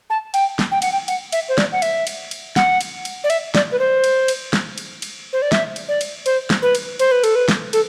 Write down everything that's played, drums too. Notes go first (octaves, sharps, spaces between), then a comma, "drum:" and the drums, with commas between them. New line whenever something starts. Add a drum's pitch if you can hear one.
A5
G5, drum: cymbal
drum: snare
G5
F#5, drum: cymbal
G5
F#5, drum: cymbal
E5, drum: cymbal
C5
D5, drum: snare
F#5
E5, drum: cymbal
drum: cymbal
drum: cymbal
F#5, drum: snare
drum: cymbal
drum: cymbal
D5
E5, drum: cymbal
D5, drum: snare
B4
C5
drum: cymbal
drum: cymbal
drum: snare
drum: cymbal
drum: cymbal
C5
D5
E5, drum: snare
drum: cymbal
D5
drum: cymbal
C5, drum: cymbal
drum: snare
B4
drum: cymbal
C5, drum: cymbal
B4
A4, drum: cymbal
B4
drum: snare
A4, drum: cymbal